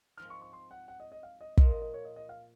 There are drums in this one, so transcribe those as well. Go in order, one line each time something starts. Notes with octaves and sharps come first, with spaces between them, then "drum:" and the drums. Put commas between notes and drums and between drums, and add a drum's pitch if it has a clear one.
G#2 F3 G#3 C4 F6
C#6
C#6
C6
F#5
F#5
D#5
D#5
F5
D#5
A#2 F3 A#3 D#5, drum: kick
D#5
D#5
C#5
D#5
D#5
F5